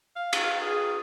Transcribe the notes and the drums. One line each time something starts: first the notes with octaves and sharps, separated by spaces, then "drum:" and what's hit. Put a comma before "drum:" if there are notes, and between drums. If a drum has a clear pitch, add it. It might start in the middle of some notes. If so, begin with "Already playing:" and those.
F5
drum: cymbal
F5
G#4